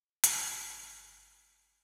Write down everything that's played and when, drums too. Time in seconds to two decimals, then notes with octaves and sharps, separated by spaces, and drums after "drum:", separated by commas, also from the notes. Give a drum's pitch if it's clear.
0.24 G1 G#5 F#6 C#7, drum: hi-hat